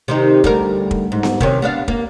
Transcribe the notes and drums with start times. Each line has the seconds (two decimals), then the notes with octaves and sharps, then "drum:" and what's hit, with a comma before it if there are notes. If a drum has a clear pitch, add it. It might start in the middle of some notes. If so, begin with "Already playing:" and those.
0.08 C3 D#3 D#4
0.44 D2 G3 A#4, drum: kick
0.91 drum: kick
1.12 G#2
1.23 drum: snare B3
1.41 C3 D#3 C#4, drum: kick
1.62 B3 D4 F5
1.88 A#3, drum: kick